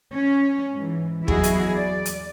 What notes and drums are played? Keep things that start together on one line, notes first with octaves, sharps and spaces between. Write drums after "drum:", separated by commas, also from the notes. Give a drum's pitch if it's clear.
C#4
G#2 E3
E2 F#3 E4 F#4 G#4 D#5, drum: kick
drum: hi-hat
D5
drum: hi-hat